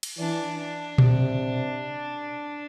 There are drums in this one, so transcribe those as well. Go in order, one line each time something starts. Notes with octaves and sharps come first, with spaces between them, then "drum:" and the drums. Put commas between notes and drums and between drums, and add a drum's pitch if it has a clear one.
drum: cymbal
E3 D4
D4
C3, drum: tom A#2